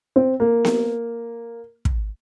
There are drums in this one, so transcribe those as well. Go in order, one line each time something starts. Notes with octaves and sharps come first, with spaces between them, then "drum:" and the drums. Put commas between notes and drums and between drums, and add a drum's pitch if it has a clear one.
C4
A#3
drum: snare B3
drum: kick